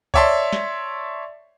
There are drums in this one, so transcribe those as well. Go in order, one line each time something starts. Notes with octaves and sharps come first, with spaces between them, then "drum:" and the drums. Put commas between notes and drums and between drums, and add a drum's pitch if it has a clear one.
C#5 D5 E5 A5 C6, drum: kick C#2
drum: snare